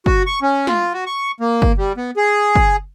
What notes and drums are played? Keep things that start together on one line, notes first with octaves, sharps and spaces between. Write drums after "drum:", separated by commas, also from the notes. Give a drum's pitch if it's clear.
F#4, drum: kick
C#6
C#4
F4, drum: snare
F#4
C#6
A#3
drum: kick
G3
B3
G#4
drum: kick